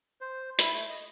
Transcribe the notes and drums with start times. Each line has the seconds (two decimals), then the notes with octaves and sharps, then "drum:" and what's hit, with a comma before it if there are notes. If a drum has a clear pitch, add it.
0.21 C5
0.59 E4, drum: hi-hat
0.74 A3
0.90 D#5